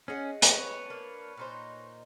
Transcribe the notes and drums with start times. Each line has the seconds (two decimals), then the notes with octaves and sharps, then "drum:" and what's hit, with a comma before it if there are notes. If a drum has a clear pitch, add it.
0.08 C#4 G#4 D#5 F#5
0.42 B4 C#5, drum: hi-hat
0.86 A#3 D4
1.38 A#2 D#4 C5